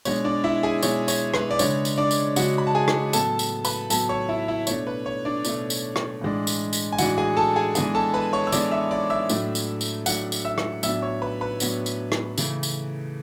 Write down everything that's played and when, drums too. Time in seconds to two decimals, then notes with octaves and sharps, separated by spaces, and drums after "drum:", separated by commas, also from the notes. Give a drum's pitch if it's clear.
0.05 B2 G#3 D4 C#5, drum: tambourine
0.24 D4 D5
0.44 E4 E5
0.63 G#4 G#5
0.83 B2 G#3 D4 C#5, drum: tambourine
1.08 C#5, drum: tambourine
1.34 B4, drum: rim click
1.51 D5
1.59 C#3 G#3 D4 C#5, drum: tambourine
1.85 drum: tambourine
1.98 D4 D5
2.11 drum: tambourine
2.36 C#3 G#3 D4 F#4 F#5, drum: tambourine
2.58 B5
2.67 A5
2.75 G#4 G#5
2.88 drum: rim click
3.13 A2 F#3 B3 A4 A5, drum: tambourine
3.39 drum: tambourine
3.65 B4 B5, drum: tambourine
3.90 A2 F#3 B3 A4 A5, drum: tambourine
4.09 C#5 C#6
4.29 E4 E5
4.48 E4 E5
4.67 B2 A3 D4 C#5, drum: tambourine
4.87 B4
5.06 C#5
5.25 D4 D5
5.45 B2 A3 D4, drum: tambourine
5.70 drum: tambourine
5.96 drum: rim click
6.21 A2 E3 G#3 D4
6.47 drum: tambourine
6.73 drum: tambourine
6.93 G#5
6.98 A2 E3 G#3 D4 F#4 F#5, drum: tambourine
7.18 G#4 G#5
7.37 A4 A5
7.56 G#4 G#5
7.75 E3 G#3 B3 D4 G#4 G#5, drum: tambourine
7.95 A4 A5
8.14 B4 B5
8.33 C#5 C#6
8.47 E6
8.52 E3 G#3 B3 D4 D5 D6, drum: tambourine
8.71 E5 E6
8.91 D5 D6
9.10 E5 E6
9.29 A2 F#3 A3 D4, drum: tambourine
9.55 drum: tambourine
9.81 drum: tambourine
10.06 A2 F#3 A3 D4 F#5 F#6, drum: tambourine
10.32 drum: tambourine
10.45 E5 E6
10.58 drum: rim click
10.83 A2 F#3 B3 D4 E5 E6, drum: tambourine
11.02 C#5 C#6
11.22 B4 B5
11.41 B4 B5
11.60 A2 F#3 B3 D4, drum: tambourine
11.86 drum: tambourine
12.12 drum: rim click
12.38 C#3 E3 A3, drum: tambourine
12.63 drum: tambourine